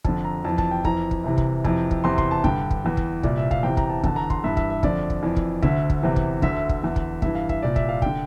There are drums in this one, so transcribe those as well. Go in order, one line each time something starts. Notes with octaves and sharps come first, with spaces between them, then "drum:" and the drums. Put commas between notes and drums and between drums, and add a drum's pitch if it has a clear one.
F2 D3 A5, drum: kick
A#5
F2 E3 A5
A5, drum: kick
G5
F2 E3 A#5, drum: kick
drum: kick
C2 C3 E3
drum: kick
F2 C3 E3, drum: kick
drum: kick
E2 C3 E3 C6
C6, drum: kick
A5
G2 D3 G5, drum: kick
drum: kick
E2 E3
drum: kick
C2 A#2 D5, drum: kick
E5
F5, drum: kick
E2 C3 E3 G5
A#5, drum: kick
A5
E2 D3 A5, drum: kick
A#5
C6, drum: kick
G2 E3 E5
E5, drum: kick
E5
F2 D3 D5, drum: kick
drum: kick
F2 E3
drum: kick
D2 D3 E5, drum: kick
drum: kick
E2 C3 E3
drum: kick
D2 D3 E5, drum: kick
drum: kick
E2 D3
drum: kick
G2 E3 E5, drum: kick
F5
E5, drum: kick
C2 A#2 D5
E5, drum: kick
F5
D3 G5, drum: kick